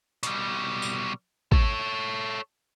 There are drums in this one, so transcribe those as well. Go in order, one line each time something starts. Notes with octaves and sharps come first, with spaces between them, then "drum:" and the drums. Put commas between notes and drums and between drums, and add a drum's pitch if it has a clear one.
B2 G3, drum: hi-hat
drum: tambourine
A4 C#5, drum: kick